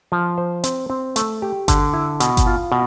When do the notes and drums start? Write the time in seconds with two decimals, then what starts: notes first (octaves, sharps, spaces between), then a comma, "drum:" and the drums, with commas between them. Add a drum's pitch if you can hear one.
0.12 F3
0.38 C5
0.64 C4, drum: hi-hat
0.90 C4
1.16 A3, drum: hi-hat
1.42 G4
1.68 D3, drum: kick G1, hi-hat
1.94 E4
2.20 B2, drum: hi-hat
2.37 drum: kick G1, hi-hat
2.46 F4
2.72 B2